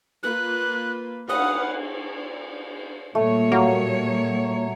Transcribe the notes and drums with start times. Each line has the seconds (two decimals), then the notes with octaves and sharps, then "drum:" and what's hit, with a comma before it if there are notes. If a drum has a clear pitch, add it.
0.23 A#3 F4 B4 F#6
1.29 B4 F5 F#5 D#6, drum: cymbal
3.15 A#2 G3 A3 C#5
3.52 F#3 A#3